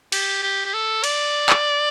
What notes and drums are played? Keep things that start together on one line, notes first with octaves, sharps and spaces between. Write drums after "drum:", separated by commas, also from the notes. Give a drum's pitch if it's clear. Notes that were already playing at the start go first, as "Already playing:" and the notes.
G4, drum: cymbal
G4
G4
A4
D5, drum: cymbal
drum: clap